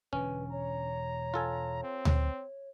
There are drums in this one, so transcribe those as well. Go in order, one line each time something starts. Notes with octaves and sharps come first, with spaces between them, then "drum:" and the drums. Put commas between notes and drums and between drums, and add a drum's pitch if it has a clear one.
E1 D3 C#4 B4
C#5 A#5
F4 A4 G#5
C4
drum: tom D2